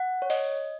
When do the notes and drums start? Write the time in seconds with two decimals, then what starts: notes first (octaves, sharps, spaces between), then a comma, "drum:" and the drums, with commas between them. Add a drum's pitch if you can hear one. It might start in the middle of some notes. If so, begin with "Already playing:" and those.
Already playing: F#5
0.22 C#5
0.30 D#5, drum: open hi-hat